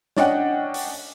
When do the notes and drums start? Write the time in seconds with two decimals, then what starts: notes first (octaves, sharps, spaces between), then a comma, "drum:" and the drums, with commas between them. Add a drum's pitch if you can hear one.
0.17 C#4 D4 D#5 F#5 G5, drum: snare
0.74 drum: open hi-hat